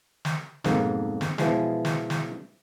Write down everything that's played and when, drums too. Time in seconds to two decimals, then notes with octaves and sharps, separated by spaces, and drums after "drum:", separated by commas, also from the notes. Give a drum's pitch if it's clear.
0.25 drum: snare
0.64 B1 F2 G#2 A#3, drum: snare
1.21 drum: snare
1.38 B2 E3 F3 G#3, drum: snare
1.85 drum: snare
2.10 drum: snare